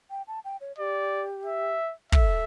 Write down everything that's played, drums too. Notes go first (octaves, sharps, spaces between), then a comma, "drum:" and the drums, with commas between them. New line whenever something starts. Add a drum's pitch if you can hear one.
G5
A5
G5
C#5
G4 D5
E5
A4 E5, drum: kick